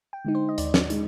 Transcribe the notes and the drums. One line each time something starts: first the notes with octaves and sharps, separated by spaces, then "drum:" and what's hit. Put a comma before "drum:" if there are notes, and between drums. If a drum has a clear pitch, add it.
G5
D3 G#3 D#4
C5
D#5
D#2 D5, drum: hi-hat
drum: snare
G#3 D#4, drum: hi-hat